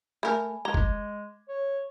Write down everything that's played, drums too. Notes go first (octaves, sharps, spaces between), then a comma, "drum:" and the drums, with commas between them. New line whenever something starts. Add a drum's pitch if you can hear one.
A3 A#4 G#5 B5
G#3 A#5 D6 G#6 G7
drum: kick
C#5